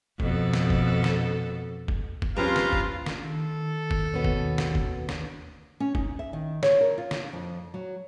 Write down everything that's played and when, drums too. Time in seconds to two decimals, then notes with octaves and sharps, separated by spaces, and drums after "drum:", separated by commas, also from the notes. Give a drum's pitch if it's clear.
0.20 F2 B2 A4, drum: kick F#1
0.53 drum: snare
0.70 drum: kick F#1
1.04 drum: snare
1.88 drum: kick F#1
2.22 drum: kick F#1
2.37 G2 F3 C4 C#4 F4 B4 F5 A#5
2.56 drum: snare
2.73 drum: kick F#1
3.06 drum: snare
3.23 D#3 A4
3.91 drum: kick F#1
4.14 D#2 B2 B3 C#4
4.24 drum: kick F#1
4.58 drum: snare
4.75 drum: kick F#1
5.09 drum: snare
5.80 C#4
5.95 D#4, drum: kick F#1
6.19 E5
6.33 D#3
6.63 C#5, drum: snare
6.81 A#4
6.98 F4
7.11 drum: snare
7.33 F2
7.74 F#3